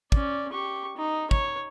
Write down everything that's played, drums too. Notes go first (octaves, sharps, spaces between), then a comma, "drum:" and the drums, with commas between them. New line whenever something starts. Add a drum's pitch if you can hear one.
C#4 D5, drum: kick
G4 C#6
D#4
C#5, drum: kick